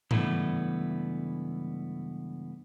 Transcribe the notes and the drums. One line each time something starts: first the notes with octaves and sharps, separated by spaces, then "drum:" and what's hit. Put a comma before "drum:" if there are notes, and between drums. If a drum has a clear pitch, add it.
C#2 G2 E3 A3 B3, drum: tom G#2